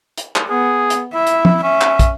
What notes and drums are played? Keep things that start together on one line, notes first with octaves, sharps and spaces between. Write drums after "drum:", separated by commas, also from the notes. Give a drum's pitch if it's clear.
drum: hi-hat
drum: clap
B3 G#4
drum: hi-hat
E4 E5
drum: hi-hat
drum: tom
C#4 E5
drum: clap
drum: kick, hi-hat